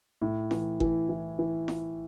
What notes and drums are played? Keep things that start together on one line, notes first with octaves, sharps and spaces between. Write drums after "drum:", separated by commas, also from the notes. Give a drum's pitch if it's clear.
A2
E3, drum: snare
E3, drum: kick G1
E3
E3
drum: snare